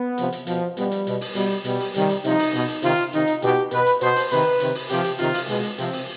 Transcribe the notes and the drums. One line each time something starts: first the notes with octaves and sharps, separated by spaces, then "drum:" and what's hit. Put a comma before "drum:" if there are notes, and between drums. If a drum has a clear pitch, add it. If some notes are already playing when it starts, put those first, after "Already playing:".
Already playing: B3
C3 F3, drum: hi-hat
drum: hi-hat
B2 F3, drum: hi-hat
B2 G3, drum: hi-hat
drum: hi-hat
B2, drum: hi-hat
drum: open hi-hat
B2 G3, drum: hi-hat
drum: hi-hat
B2 G3, drum: hi-hat
drum: open hi-hat
C3 D#3 G3, drum: hi-hat
drum: hi-hat
C3 F3 D#4, drum: hi-hat
drum: open hi-hat
B2
drum: hi-hat
C3 D#3 F4, drum: hi-hat
C3 D#3 D#4, drum: hi-hat
drum: hi-hat
B2 G4, drum: hi-hat
B2 B4, drum: hi-hat
drum: hi-hat
B2 C5, drum: hi-hat
drum: open hi-hat
C3 D#3 B4, drum: hi-hat
C3 D#3, drum: hi-hat
drum: open hi-hat
C3 F3 G4, drum: hi-hat
drum: hi-hat
C3 D#3 F4, drum: hi-hat
drum: open hi-hat
B2 G#3, drum: hi-hat
drum: hi-hat
C3 F3 C4, drum: hi-hat
drum: open hi-hat